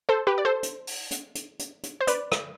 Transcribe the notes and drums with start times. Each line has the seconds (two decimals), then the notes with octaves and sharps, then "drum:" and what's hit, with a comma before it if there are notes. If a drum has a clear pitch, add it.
0.09 A4 C5
0.27 G4 B4
0.38 D5
0.45 A4 C5
0.63 drum: hi-hat
0.87 drum: open hi-hat
1.11 drum: hi-hat
1.35 drum: hi-hat
1.59 drum: hi-hat
1.83 drum: hi-hat
2.01 C5
2.07 B4 D5, drum: hi-hat
2.32 drum: rim click